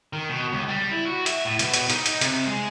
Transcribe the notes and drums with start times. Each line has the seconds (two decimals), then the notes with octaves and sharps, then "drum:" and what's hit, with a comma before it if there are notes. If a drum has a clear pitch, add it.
0.13 D#3
0.30 B2
0.52 C#2
0.68 G3
0.91 E4
1.06 F#4
1.26 E5, drum: hi-hat
1.45 A2
1.59 B2, drum: hi-hat
1.74 drum: hi-hat
1.90 D#4, drum: hi-hat
2.06 drum: hi-hat
2.21 C3, drum: hi-hat
2.46 G#3